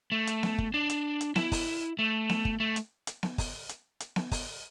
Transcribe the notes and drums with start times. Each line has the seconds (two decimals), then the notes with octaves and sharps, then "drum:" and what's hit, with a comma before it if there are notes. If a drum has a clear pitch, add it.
0.12 A3
0.27 drum: hi-hat
0.43 drum: snare B3
0.58 drum: kick G1
0.74 D4
0.90 drum: hi-hat
1.21 drum: hi-hat
1.36 E4, drum: snare B3
1.52 drum: kick G1, open hi-hat
1.99 A3
2.29 drum: snare B3
2.45 drum: kick G1
2.60 A3
2.76 drum: hi-hat
3.07 drum: hi-hat
3.23 drum: snare B3
3.38 drum: kick G1, open hi-hat
3.69 drum: hi-hat
4.00 drum: hi-hat
4.16 drum: snare B3
4.32 drum: kick G1, open hi-hat